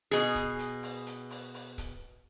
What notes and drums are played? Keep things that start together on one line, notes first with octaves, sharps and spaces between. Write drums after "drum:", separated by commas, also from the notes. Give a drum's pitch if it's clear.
B2 G#4, drum: hi-hat
drum: kick C#1, hi-hat
drum: hi-hat
drum: open hi-hat
drum: hi-hat
drum: open hi-hat
drum: open hi-hat
drum: kick C#1, hi-hat